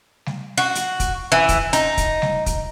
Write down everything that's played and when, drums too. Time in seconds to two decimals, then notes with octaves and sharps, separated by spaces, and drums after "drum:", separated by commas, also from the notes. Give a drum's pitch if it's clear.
0.26 drum: snare G3
0.58 F#4
0.75 drum: hi-hat
1.00 drum: kick, hi-hat
1.32 E3
1.49 drum: kick, hi-hat
1.73 D#4, drum: hi-hat
1.97 drum: kick, hi-hat
2.22 drum: snare G3
2.46 drum: kick, hi-hat